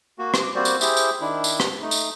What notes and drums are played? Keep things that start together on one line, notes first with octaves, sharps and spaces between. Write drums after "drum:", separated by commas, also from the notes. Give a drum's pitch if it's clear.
A#3 F#4
drum: rim click
D6
G3 A#3 C4 F#4 C5 D5
drum: tambourine
E4 G4 G#4 C5 E5, drum: tambourine
drum: tambourine
D#3 D4 E4
drum: tambourine
drum: rim click
A3 D#4
drum: tambourine